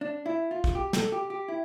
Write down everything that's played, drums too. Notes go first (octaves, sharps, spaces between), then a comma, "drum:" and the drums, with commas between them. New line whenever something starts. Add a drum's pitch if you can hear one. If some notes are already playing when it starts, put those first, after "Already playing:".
D4
E4
F4
drum: kick
G4
A4, drum: snare
G4
G4
E4